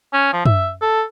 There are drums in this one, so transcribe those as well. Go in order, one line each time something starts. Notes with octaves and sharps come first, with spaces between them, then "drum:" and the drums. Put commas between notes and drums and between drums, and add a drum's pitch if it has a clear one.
C#4
F3
E5, drum: tom
A4